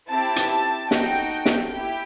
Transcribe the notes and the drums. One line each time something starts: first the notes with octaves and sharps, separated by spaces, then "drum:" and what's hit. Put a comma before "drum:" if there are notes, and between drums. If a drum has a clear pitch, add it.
C4 E4 G4 A5
drum: hi-hat
D#4 F#4 A4 G5, drum: snare
drum: snare
E4 G4 G5